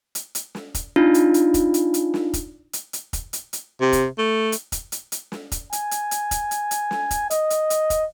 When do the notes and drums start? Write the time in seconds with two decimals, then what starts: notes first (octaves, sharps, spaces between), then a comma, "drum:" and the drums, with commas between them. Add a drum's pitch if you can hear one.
0.15 drum: hi-hat
0.35 drum: hi-hat
0.55 drum: snare
0.75 drum: kick, hi-hat
0.96 D4 D#4 F4
1.14 drum: hi-hat
1.34 drum: hi-hat
1.54 drum: kick, hi-hat
1.74 drum: hi-hat
1.94 drum: hi-hat
2.14 drum: snare
2.34 drum: kick, hi-hat
2.73 drum: hi-hat
2.93 drum: hi-hat
3.13 drum: kick, hi-hat
3.33 drum: hi-hat
3.53 drum: hi-hat
3.81 C3
3.93 drum: kick, hi-hat
4.18 A3
4.52 drum: hi-hat
4.72 drum: kick, hi-hat
4.92 drum: hi-hat
5.12 drum: hi-hat
5.32 drum: snare
5.52 drum: kick, hi-hat
5.73 G#5, drum: hi-hat
5.91 drum: hi-hat
6.11 drum: hi-hat
6.31 drum: kick, hi-hat
6.51 drum: hi-hat
6.71 drum: hi-hat
6.91 drum: snare
7.11 drum: kick, hi-hat
7.30 D#5, drum: hi-hat
7.50 drum: hi-hat
7.70 drum: hi-hat
7.90 drum: kick, hi-hat